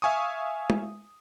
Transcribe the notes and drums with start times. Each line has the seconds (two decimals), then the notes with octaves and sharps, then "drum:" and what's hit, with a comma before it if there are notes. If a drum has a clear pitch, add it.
0.02 E5 F5 G#5 C#6 D#6
0.70 drum: tom